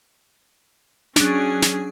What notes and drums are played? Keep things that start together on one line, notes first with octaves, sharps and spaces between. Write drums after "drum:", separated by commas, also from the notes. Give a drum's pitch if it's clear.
F#3 C#4 D4 G#4, drum: snare
drum: snare